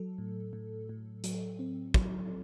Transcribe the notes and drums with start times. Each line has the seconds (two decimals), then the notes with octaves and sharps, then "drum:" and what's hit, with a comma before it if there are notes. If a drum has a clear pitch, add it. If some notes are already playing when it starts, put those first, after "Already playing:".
Already playing: F#3 A4
0.18 A2
0.53 A2
0.89 A2
1.24 F#3, drum: hi-hat
1.59 C4
1.94 F#3, drum: kick